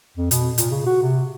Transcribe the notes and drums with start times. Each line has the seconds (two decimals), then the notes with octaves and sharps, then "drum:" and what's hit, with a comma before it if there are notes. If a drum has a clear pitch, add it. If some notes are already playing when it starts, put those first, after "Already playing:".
0.17 F2
0.31 B2, drum: hi-hat
0.58 A#2, drum: hi-hat
0.71 C#3
0.87 F#4
1.02 C3